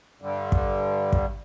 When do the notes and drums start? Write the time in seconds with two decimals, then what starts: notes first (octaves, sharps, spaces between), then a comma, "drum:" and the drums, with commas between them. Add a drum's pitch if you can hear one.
0.22 G2 D3 G3
0.52 drum: kick
1.13 drum: kick